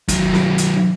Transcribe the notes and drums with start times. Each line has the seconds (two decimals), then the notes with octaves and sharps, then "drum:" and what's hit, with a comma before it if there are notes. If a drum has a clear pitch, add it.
0.09 D#3 F#3, drum: kick, hi-hat
0.33 drum: snare
0.58 drum: hi-hat